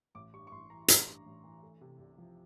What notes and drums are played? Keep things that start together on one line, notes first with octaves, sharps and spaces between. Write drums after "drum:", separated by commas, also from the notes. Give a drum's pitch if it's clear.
A1 D6
G2 C#6
C#6
A1 C6
E3 A#5
A1 A#5, drum: hi-hat
G2
A1
E3
A3
C3
C2
F3